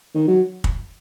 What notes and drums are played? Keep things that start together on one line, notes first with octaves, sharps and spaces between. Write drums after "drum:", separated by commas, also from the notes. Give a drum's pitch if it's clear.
D#3
F#3
drum: kick